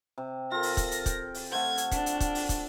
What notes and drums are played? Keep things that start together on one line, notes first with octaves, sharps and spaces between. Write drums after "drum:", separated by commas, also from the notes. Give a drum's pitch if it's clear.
C3
F4 A4 A#4 A#6
drum: open hi-hat
drum: kick, hi-hat
drum: hi-hat
G5, drum: kick, hi-hat
drum: open hi-hat
A3 C5 F#5 G#6
drum: hi-hat
D4, drum: kick, hi-hat
drum: hi-hat
drum: kick, hi-hat
drum: open hi-hat
drum: kick, hi-hat